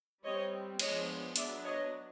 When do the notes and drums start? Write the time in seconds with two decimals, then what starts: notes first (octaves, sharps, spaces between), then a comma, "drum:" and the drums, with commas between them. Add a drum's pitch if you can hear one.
0.23 G3 C4 C#5 D#5
0.80 F3 G#3 B3 D4 C#5 D#5, drum: cymbal
1.36 F#3 B3 D4 D5 E5, drum: hi-hat
1.64 C#5 D#5